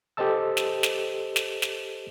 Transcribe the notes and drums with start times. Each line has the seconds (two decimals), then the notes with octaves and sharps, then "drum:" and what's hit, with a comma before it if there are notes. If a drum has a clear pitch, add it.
0.17 G4 A4 C5 D#5 A5 E6
0.57 drum: snare
0.83 drum: snare
1.36 drum: snare
1.62 drum: snare